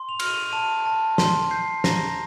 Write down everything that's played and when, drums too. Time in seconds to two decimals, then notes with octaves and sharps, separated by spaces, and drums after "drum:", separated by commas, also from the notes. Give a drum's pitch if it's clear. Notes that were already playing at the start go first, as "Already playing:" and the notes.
Already playing: C6
0.09 F7
0.20 F6, drum: cymbal
0.27 D#7
0.30 F7
0.42 F7
0.52 A5 D#7
0.86 A5
1.18 C6, drum: snare
1.51 G6 C7
1.84 A#5 A#6, drum: snare